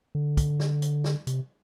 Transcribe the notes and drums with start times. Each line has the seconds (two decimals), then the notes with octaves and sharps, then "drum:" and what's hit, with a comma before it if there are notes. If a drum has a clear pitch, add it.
0.15 D3
0.37 drum: kick, hi-hat
0.60 drum: snare
0.82 drum: hi-hat
1.04 drum: snare
1.27 C3, drum: hi-hat